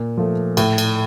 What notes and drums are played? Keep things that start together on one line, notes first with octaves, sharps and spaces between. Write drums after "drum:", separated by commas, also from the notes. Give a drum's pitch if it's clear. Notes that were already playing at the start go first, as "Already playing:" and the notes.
Already playing: A#2
F3 A3
A2, drum: cymbal
drum: cymbal